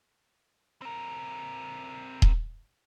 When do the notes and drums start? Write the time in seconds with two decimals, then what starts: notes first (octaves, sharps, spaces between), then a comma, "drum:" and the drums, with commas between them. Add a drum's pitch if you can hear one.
0.82 C4 A#4
2.22 drum: kick D#1